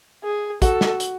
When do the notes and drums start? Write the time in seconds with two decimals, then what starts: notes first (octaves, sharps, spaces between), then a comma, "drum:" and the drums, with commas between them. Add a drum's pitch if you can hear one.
0.24 G#4
0.62 F#4 A4, drum: kick, hi-hat
0.81 drum: snare
1.00 drum: hi-hat